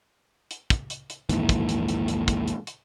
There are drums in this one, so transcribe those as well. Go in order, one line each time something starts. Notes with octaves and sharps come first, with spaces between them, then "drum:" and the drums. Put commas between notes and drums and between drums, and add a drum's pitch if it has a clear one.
drum: hi-hat
drum: kick, hi-hat
drum: hi-hat
drum: hi-hat
A#1 D#2 G#2 E3, drum: hi-hat
drum: kick, hi-hat
drum: hi-hat
drum: hi-hat
drum: hi-hat
drum: kick, hi-hat
drum: hi-hat
drum: hi-hat